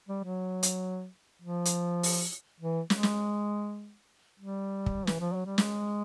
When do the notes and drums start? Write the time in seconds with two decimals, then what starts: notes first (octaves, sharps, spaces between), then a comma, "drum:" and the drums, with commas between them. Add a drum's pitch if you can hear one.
0.09 G3
0.24 F#3
0.63 drum: hi-hat
1.42 F3
1.65 drum: hi-hat
2.03 drum: open hi-hat
2.60 E3
2.90 G#3, drum: snare
3.03 drum: snare
4.39 G3
4.86 drum: kick
5.07 E3, drum: snare
5.20 F3
5.33 F#3
5.45 G3
5.58 G#3, drum: snare